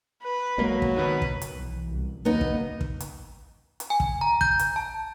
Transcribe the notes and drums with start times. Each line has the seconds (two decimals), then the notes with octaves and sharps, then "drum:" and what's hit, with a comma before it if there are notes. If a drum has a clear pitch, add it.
0.22 B4
0.58 B1 F#3 G#3 A#3
0.82 drum: kick
0.96 B2 D#3 B4
1.22 drum: kick
1.42 drum: hi-hat
1.56 B1 E3
1.89 C2
2.25 D#2 F#3 A#3 B3 D#4
2.41 drum: kick
2.81 drum: kick
3.00 drum: hi-hat
3.80 drum: hi-hat
3.90 G#5
4.00 drum: kick
4.21 A#5
4.41 G6, drum: kick
4.59 drum: hi-hat
4.76 A5